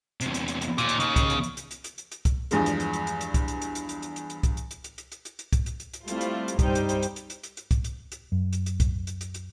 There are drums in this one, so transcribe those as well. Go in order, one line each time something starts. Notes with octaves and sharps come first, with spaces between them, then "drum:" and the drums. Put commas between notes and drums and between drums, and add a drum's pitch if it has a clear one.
E2 C3, drum: hi-hat
drum: hi-hat
drum: hi-hat
drum: hi-hat
D#2 A#2, drum: hi-hat
drum: hi-hat
C#3, drum: hi-hat
drum: kick C2, hi-hat
drum: hi-hat
drum: hi-hat
drum: hi-hat
drum: hi-hat
drum: hi-hat
drum: hi-hat
drum: hi-hat
drum: kick C2, hi-hat
E2 G2 F3 G#3, drum: hi-hat
drum: hi-hat
drum: hi-hat
drum: hi-hat
drum: hi-hat
drum: hi-hat
drum: kick C2, hi-hat
drum: hi-hat
drum: hi-hat
drum: hi-hat
drum: hi-hat
drum: hi-hat
drum: hi-hat
drum: hi-hat
drum: kick C2, hi-hat
drum: hi-hat
drum: hi-hat
drum: hi-hat
drum: hi-hat
drum: hi-hat
drum: hi-hat
drum: hi-hat
drum: kick C2, hi-hat
drum: hi-hat
drum: hi-hat
drum: hi-hat
G3 A3 C4 E4 F4, drum: hi-hat
drum: hi-hat
drum: hi-hat
C2 G2 G3 D#4 C5 G5, drum: kick C2, hi-hat
drum: hi-hat
drum: hi-hat
drum: hi-hat
drum: hi-hat
drum: hi-hat
drum: hi-hat
drum: hi-hat
drum: kick C2, hi-hat
drum: hi-hat
drum: hi-hat
F#2
drum: hi-hat
drum: hi-hat
drum: kick C2, hi-hat
drum: hi-hat
drum: hi-hat
drum: hi-hat